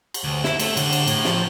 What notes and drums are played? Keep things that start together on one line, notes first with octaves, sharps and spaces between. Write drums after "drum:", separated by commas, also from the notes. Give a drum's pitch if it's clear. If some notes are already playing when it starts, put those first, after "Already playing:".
drum: cymbal
D2
E4, drum: snare
A3, drum: cymbal
D3, drum: cymbal
drum: cymbal
A2, drum: cymbal
F3, drum: snare